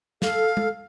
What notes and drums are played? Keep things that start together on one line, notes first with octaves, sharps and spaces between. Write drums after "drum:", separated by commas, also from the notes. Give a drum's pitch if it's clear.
A4 F5, drum: snare
drum: tom G#3